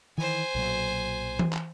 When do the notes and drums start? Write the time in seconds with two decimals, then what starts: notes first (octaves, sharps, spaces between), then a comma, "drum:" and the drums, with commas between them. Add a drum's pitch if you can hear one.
0.18 D#3 E3 C5 G#5
0.55 B1 A#2 F#3
1.39 drum: tom E3
1.53 drum: clap